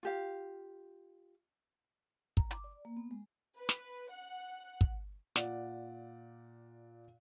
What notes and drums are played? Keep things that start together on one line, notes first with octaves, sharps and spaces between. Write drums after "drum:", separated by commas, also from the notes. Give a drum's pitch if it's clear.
F4 G4 F5
A#5, drum: kick
D6, drum: hi-hat
D5
A#3
B3
G#3
B4
drum: snare
F#5
drum: kick
A#2 D5 F#5, drum: snare